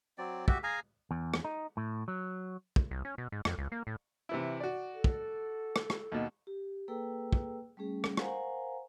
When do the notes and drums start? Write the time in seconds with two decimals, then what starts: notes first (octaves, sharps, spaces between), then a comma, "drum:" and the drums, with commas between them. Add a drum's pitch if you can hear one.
0.18 F#3 C4 D5
0.48 F#4 G4 E5, drum: kick
0.63 G#4 F5 G#5 A#5
1.11 E2
1.34 drum: rim click
1.45 D#4
1.77 A2
2.08 F#3
2.76 drum: kick
2.91 C2
3.05 C#4
3.18 B2
3.32 G#2
3.45 F2, drum: rim click
3.58 C#2
3.72 A#3
3.87 A2
4.29 C3 E3 E4
4.60 F#4 D5
4.93 A4
5.04 drum: kick
5.76 drum: rim click
5.90 drum: rim click
6.12 D#2 B2
6.47 G4
6.88 A#3 G#4 A4 B4 G5 E6
7.33 drum: kick
7.77 G3 A3 C#4 G#4
8.04 drum: rim click
8.17 A#4 C5 F5 F#5 G#5 A#5, drum: rim click